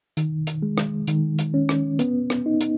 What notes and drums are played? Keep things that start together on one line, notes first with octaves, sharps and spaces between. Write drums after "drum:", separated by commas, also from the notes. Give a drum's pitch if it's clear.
D#3, drum: hi-hat
drum: hi-hat
G#3
drum: rim click
D#3, drum: hi-hat
drum: hi-hat
C#4
drum: rim click
B3, drum: hi-hat
drum: rim click
D#4
drum: hi-hat